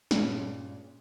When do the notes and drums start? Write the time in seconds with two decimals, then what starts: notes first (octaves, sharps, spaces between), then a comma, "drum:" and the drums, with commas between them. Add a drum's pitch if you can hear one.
0.11 G2 A#2 G#3 C4 C#4, drum: snare